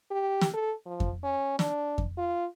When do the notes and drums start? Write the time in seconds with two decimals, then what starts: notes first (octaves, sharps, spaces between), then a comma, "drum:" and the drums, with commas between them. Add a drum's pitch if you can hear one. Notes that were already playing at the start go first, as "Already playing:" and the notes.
0.11 G4
0.41 drum: snare
0.54 A4
0.86 F3
1.00 drum: kick F2
1.24 C#4
1.59 D4, drum: snare
1.98 drum: kick F2
2.17 F4